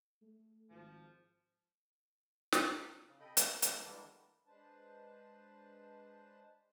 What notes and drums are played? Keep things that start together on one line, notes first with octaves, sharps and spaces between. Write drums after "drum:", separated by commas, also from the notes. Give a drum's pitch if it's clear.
A3
G#1 F3
drum: snare
C#3
C3 A4 D#5 G5 B5
A5, drum: hi-hat
E2 E3 G3 G#3 A4 D6, drum: hi-hat
D3 E3 G3 G#3 A#3 D4
G#3 D4 B4 C5 A5